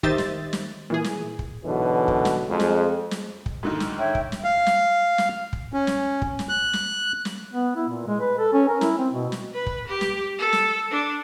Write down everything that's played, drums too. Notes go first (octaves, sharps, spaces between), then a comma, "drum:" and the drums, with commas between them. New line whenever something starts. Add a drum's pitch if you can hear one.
D#3 G4 C5 D#5 E5 A6, drum: kick
drum: snare
drum: snare
A#2 E3 G#4
drum: snare
drum: kick
G#2 B2 D3 E3 F#3
drum: kick
drum: snare
F2 G#3
drum: snare
drum: snare
drum: kick
G#2 D3 D#3
drum: snare
C#5 E5 G5
drum: kick
drum: snare
F5
drum: snare
drum: snare
drum: kick
C#4
drum: snare
drum: kick
drum: snare
F#6
drum: snare
drum: snare
B3
E4
A#2
G#3
B4
A4
C#4
A#4
E4, drum: snare
C4
B2
drum: snare
B4
drum: kick
G4
drum: snare
A4
drum: snare
D4